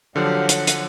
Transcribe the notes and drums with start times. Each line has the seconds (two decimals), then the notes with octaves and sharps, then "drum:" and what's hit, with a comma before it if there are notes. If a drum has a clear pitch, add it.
0.16 D3 F3 F#3 G4 F5 F#5
0.49 F#5, drum: hi-hat
0.67 drum: hi-hat